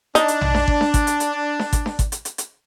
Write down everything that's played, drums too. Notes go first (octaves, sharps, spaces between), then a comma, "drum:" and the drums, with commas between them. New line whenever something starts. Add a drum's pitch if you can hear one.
D4 D#4, drum: hi-hat
drum: hi-hat
drum: tom A#1
drum: snare D4
drum: kick
drum: snare D4
drum: kick, hi-hat
drum: hi-hat
drum: hi-hat
drum: snare D4
drum: kick, hi-hat
drum: snare D4
drum: kick, hi-hat
drum: hi-hat
drum: hi-hat
drum: hi-hat